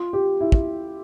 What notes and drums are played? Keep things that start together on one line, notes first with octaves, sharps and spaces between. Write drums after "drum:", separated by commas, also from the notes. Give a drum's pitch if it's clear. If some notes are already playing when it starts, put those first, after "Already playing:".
Already playing: F4
G4
E4
drum: kick